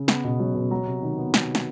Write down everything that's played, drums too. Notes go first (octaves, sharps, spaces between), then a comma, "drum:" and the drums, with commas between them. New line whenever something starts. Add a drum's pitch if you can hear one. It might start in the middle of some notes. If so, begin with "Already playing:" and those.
Already playing: C#3
B3, drum: snare
B2
F#3
B2
F#3 A#5
C3
D#3
B3
drum: snare
drum: snare